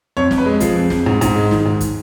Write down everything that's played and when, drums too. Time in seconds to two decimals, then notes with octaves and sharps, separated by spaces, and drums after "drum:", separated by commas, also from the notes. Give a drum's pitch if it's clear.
0.17 F2 C#5
0.31 F2, drum: snare
0.38 B4
0.46 G#3
0.60 F3 G#4, drum: kick, hi-hat
0.75 F2
0.90 F2, drum: snare
1.06 G#2
1.21 G#2, drum: kick, hi-hat
1.36 G#3
1.51 D#3, drum: snare
1.66 G#2
1.80 drum: kick, hi-hat